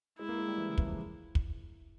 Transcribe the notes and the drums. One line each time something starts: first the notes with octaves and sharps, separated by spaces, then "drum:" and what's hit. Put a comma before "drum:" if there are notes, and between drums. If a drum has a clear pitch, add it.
G#3 E4
A#3
G#3
G3
E3
C#3
E3, drum: kick
F3
drum: kick